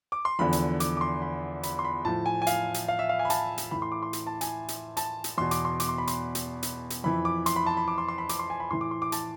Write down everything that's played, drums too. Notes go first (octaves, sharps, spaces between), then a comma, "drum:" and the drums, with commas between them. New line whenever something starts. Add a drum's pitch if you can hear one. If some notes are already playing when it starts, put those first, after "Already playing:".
D6
C6
E2 D3 F3 B5
drum: hi-hat
D6, drum: hi-hat
D6
C6
B5
B5, drum: hi-hat
C6
B5
A2 F3 A5
G#5
G#5
F5, drum: hi-hat
drum: hi-hat
F5
E5
F5
G#5
B5
A5, drum: hi-hat
drum: hi-hat
A2 E3 B5
C6
D6
C6
drum: hi-hat
A5
G#5, drum: hi-hat
drum: hi-hat
A5, drum: hi-hat
drum: hi-hat
E2 B2 C6
D6, drum: hi-hat
C6
D6, drum: hi-hat
C6
B5
C6, drum: hi-hat
drum: hi-hat
drum: hi-hat
drum: hi-hat
F2 E3 B5
D6
C6, drum: hi-hat
B5
A5
B5
D6
C6
C6
B5
D6, drum: hi-hat
C6
G#5
B5
A2 E3 C6
D6
C6
D6
A5, drum: hi-hat